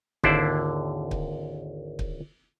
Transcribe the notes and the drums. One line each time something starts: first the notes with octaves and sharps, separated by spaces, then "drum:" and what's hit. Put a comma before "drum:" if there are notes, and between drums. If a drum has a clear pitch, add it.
G#1 D#2 D3 E4 C5 D5, drum: kick
drum: kick
drum: kick